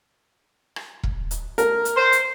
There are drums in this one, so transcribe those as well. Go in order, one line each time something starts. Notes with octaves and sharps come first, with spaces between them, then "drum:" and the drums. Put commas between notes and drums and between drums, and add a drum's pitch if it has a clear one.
drum: rim click
drum: kick E1
drum: hi-hat
A#4, drum: hi-hat
drum: hi-hat
C5
drum: hi-hat